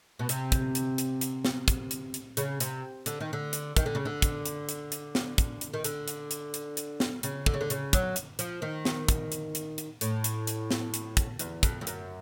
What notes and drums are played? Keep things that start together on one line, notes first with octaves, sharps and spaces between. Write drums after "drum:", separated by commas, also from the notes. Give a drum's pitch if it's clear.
B2
C3, drum: hi-hat
drum: kick, hi-hat
drum: hi-hat
drum: hi-hat
drum: hi-hat
drum: snare
drum: kick, hi-hat
drum: hi-hat
drum: hi-hat
C#3, drum: hi-hat
C3, drum: hi-hat
D3, drum: hi-hat
D#3
D3
drum: hi-hat
D#3, drum: kick, hi-hat
D3
C#3
D3
drum: kick, hi-hat
drum: hi-hat
drum: hi-hat
drum: hi-hat
drum: snare
drum: kick, hi-hat
drum: hi-hat
D#3
D3, drum: hi-hat
drum: hi-hat
drum: hi-hat
drum: hi-hat
drum: hi-hat
drum: snare
C#3, drum: hi-hat
D3, drum: kick
C#3
D3
C#3, drum: hi-hat
F#3, drum: kick, hi-hat
drum: hi-hat
F3, drum: hi-hat
D#3
drum: snare
drum: kick, hi-hat
drum: hi-hat
drum: hi-hat
drum: hi-hat
A2, drum: hi-hat
drum: hi-hat
drum: hi-hat
drum: snare
drum: hi-hat
drum: kick, hi-hat
E2, drum: hi-hat
F2, drum: kick, hi-hat
F2
F#2, drum: hi-hat